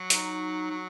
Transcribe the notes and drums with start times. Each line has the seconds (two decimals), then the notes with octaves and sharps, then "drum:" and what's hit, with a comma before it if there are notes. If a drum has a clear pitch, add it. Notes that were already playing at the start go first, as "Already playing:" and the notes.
Already playing: F#3
0.10 D#4, drum: hi-hat
0.70 F#3